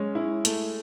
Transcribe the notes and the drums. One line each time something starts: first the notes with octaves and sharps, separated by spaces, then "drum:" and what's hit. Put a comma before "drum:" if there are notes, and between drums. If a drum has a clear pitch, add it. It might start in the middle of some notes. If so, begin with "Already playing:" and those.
Already playing: G#3 C#4
E4
A3, drum: hi-hat